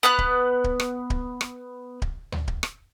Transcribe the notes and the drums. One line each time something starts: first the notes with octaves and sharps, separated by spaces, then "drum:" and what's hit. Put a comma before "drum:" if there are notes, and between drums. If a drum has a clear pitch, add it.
B3 B4 F#6
drum: kick D1
drum: kick D1
drum: rim click
drum: kick D1
drum: rim click
drum: kick D1
drum: tom D2
drum: kick D1
drum: rim click